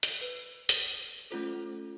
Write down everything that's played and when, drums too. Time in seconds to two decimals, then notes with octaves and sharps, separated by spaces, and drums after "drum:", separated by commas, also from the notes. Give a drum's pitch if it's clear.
0.03 drum: hi-hat
0.21 B4
0.69 drum: hi-hat
1.31 A3 C#4 F4 A4 C5